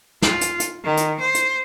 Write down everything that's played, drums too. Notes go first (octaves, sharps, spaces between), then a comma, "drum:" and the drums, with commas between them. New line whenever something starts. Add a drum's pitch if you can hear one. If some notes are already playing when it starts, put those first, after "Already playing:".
F4, drum: snare
drum: hi-hat
drum: hi-hat
D#3
drum: hi-hat
C5
drum: hi-hat